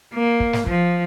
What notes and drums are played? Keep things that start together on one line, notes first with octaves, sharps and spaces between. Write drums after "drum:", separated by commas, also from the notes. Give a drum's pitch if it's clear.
A#3
drum: kick
drum: snare
F3, drum: kick